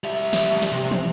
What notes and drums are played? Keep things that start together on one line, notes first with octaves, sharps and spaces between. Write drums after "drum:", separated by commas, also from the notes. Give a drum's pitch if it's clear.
G3 E5
drum: snare
drum: snare
C3
drum: tom